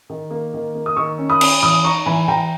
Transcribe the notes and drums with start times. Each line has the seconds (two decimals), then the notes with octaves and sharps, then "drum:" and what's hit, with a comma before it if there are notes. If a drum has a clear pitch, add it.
0.10 D#3
0.31 A#3
0.54 D#3
0.75 A#3
0.86 D#6
0.96 D#3 C#6 E6
1.18 C#4
1.29 B5 D#6
1.41 C#4, drum: cymbal
1.62 E3 B5 D#6
1.84 D#4 A#5 C#6
2.06 E3 G#5 B5
2.28 E3 G5 A#5